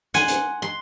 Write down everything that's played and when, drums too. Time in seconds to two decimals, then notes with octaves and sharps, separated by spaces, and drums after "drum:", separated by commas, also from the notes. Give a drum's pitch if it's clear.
0.14 F#5 G#5 C6, drum: hi-hat
0.28 drum: hi-hat
0.62 C6